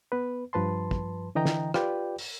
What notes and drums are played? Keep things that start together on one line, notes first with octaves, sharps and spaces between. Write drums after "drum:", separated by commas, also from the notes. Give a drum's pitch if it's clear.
B3 B4
G2 F3 B4 A5 C6
drum: kick
D3 E3 D#5 G5 A#5
drum: snare
F4 G4 B4 D5 G5, drum: rim click
drum: open hi-hat